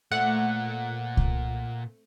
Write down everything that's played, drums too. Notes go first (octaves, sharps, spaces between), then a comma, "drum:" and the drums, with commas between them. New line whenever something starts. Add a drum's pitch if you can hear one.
A#2 A3 C4 D5 F#5
drum: kick C2